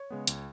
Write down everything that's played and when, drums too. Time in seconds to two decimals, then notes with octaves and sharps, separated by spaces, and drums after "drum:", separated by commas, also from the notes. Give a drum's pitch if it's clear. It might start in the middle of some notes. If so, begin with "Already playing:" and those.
Already playing: C#5
0.10 C#3 G#3 B3
0.27 C#2, drum: hi-hat